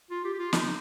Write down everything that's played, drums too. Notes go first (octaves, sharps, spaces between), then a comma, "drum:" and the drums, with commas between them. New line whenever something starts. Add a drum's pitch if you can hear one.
F4
G4
G4
F4
D#4, drum: snare